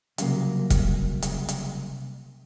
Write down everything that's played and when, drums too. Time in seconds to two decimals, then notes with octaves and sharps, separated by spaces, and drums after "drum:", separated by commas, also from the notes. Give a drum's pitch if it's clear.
0.18 C2 C#3 F#3 A#3, drum: hi-hat
0.70 drum: kick E1, hi-hat
1.22 drum: hi-hat
1.48 drum: hi-hat